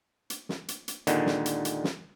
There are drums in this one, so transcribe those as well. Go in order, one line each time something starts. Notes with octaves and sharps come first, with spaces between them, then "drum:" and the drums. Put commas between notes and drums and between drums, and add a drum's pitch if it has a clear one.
drum: hi-hat
drum: snare
drum: hi-hat
drum: hi-hat
D#2 A#2 D3 D#3 G#3, drum: hi-hat
drum: snare
drum: hi-hat
drum: hi-hat
drum: snare